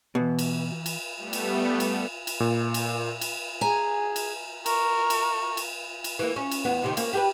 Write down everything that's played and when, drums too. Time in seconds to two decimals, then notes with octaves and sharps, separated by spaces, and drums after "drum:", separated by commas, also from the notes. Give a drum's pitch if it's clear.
0.15 B2 E3
0.39 drum: cymbal
0.86 drum: cymbal
1.17 G3 A3 B3
1.33 drum: cymbal
1.80 drum: cymbal
2.27 drum: cymbal
2.40 A#2
2.74 drum: cymbal
3.21 drum: cymbal
3.61 G#4 G#5 A#5
4.16 drum: cymbal
4.66 A#4 C#6, drum: cymbal
5.10 drum: cymbal
5.57 drum: cymbal
6.04 drum: cymbal
6.19 E3 A#3
6.36 C#4
6.51 drum: cymbal
6.65 E2 B3
6.82 D#2 C3 D#3
6.97 A#3 C#4, drum: cymbal
7.13 G4 G#4 B4